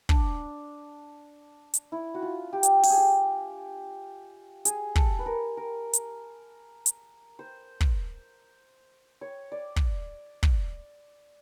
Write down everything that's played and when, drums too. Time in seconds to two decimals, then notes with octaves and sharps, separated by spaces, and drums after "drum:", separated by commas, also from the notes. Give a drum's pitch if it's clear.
0.09 D4, drum: kick
1.74 drum: hi-hat
1.92 E4
2.14 F#4
2.22 F4
2.53 G4
2.63 drum: hi-hat
2.83 G4, drum: open hi-hat
2.90 G#4
2.98 G4
4.65 G#4, drum: hi-hat
4.96 A4, drum: kick
5.19 B4
5.26 A#4
5.57 A#4
5.93 drum: hi-hat
6.86 drum: hi-hat
7.39 C5
7.81 drum: kick
9.21 C#5
9.52 D5
9.76 drum: kick
10.43 drum: kick